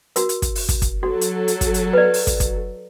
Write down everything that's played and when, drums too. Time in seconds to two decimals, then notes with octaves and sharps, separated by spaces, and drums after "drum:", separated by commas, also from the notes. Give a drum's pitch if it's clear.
0.16 F#4 A#4, drum: hi-hat
0.29 drum: hi-hat
0.42 drum: kick, hi-hat
0.55 drum: open hi-hat
0.69 drum: kick, hi-hat
0.82 drum: kick, hi-hat
1.03 F#3 F#4 A4
1.21 drum: hi-hat
1.48 drum: hi-hat
1.61 drum: kick, hi-hat
1.74 drum: hi-hat
1.93 B4 D5
2.14 drum: open hi-hat
2.27 drum: kick, hi-hat
2.40 drum: kick, hi-hat